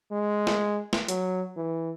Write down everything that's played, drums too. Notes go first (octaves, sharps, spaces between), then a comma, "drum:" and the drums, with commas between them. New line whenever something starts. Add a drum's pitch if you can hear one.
G#3
drum: snare
drum: snare
F#3, drum: hi-hat
E3